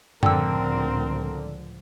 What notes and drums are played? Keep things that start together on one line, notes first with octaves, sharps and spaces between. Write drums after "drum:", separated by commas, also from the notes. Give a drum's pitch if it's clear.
C#2 A2 D3 F3 C4 A#4 G5 E6, drum: tom F#2